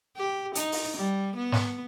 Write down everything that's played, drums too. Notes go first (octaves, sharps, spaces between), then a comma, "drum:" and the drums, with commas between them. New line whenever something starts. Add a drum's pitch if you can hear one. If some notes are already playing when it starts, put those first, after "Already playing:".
G4
D#4, drum: hi-hat
drum: open hi-hat
G3
B3
drum: snare